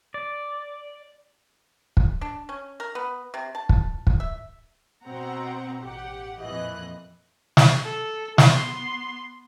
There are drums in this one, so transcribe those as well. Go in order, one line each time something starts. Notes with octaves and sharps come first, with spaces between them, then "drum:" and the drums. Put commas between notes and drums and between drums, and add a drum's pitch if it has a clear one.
D5
drum: kick
D4
C#4
A#4
B3
C3
A5
drum: kick
drum: kick
E5
B2 C4 F#5 A#5
A1 G4 F#5
F2 A#2 E3 D#5 F#6
drum: snare
A4
B3 C6, drum: snare